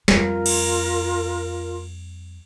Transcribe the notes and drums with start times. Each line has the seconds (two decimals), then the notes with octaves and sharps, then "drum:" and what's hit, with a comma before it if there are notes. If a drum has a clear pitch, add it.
0.08 F2 G3 F4 A#4, drum: snare
0.46 drum: cymbal